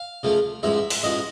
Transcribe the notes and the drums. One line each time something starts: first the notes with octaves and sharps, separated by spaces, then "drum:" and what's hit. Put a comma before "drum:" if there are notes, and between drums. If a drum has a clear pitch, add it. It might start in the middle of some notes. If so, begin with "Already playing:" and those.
Already playing: F5
C#2 C#3 F3 A3
A1 G#2 F3 G#3 E5
drum: open hi-hat
A1 G#2 F3 G#3 D#5